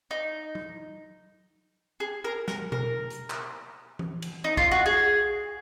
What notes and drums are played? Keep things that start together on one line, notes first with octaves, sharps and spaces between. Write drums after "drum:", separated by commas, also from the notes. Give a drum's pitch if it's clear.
D#4
drum: tom F#3
G#4
A#4
A#4, drum: snare
A#4, drum: tom B2
drum: hi-hat
drum: clap
drum: tom E3
drum: cymbal
D#4
F4, drum: kick
F#4
G#4